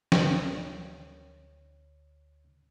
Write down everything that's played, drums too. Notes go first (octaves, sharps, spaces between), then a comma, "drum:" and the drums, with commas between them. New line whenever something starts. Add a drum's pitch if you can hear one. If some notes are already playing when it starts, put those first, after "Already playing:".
D2 C#5, drum: snare